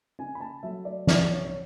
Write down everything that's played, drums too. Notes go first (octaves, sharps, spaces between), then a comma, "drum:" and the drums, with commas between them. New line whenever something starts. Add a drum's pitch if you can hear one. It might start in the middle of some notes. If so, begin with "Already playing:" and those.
C#3 G#5
B5
A5
F#3 A3 E5
D5
C#3 D5, drum: snare
C#5
C#5